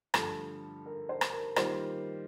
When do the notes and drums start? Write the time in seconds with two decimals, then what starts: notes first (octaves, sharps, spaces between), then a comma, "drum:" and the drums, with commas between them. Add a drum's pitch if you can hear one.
0.14 G2 D3 F3 A3 A4, drum: rim click
0.86 A#4
1.09 C5
1.21 drum: rim click
1.33 A#4
1.56 D#3 G3 A#3 F4 C5, drum: rim click